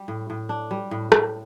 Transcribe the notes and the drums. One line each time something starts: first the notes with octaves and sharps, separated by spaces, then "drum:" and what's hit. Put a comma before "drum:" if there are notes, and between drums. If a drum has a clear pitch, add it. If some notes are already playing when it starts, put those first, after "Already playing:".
Already playing: G3
A2
A2
D4
G3
A2
A2, drum: rim click